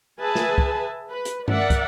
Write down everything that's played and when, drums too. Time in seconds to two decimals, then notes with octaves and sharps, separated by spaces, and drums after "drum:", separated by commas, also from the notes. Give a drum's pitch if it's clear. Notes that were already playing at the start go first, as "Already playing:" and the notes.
0.20 G#4 B4 E5 G#5 A5
0.35 drum: snare
0.58 drum: kick
1.08 B4
1.25 drum: hi-hat
1.48 A#4 D5 E5 F#5, drum: tom
1.70 drum: kick, hi-hat